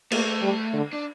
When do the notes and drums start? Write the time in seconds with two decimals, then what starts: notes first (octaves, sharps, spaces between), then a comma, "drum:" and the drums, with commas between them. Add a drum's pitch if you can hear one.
0.11 A3 A#3, drum: cymbal
0.42 G3
0.73 D3
0.93 D4